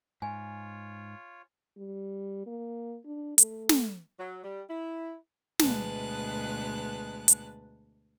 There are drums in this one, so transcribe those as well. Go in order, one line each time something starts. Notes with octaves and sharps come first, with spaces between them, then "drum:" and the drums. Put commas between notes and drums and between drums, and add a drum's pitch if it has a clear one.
G#2 F4 C#5 G#5
G3
A#3
D4
A3, drum: hi-hat
drum: snare
F#3
G3
E4
D2 B2 G#3 B4 A5 F#6, drum: snare
drum: hi-hat